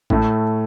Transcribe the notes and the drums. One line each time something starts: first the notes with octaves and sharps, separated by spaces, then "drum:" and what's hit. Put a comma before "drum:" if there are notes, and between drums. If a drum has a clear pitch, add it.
A2 A3, drum: kick A1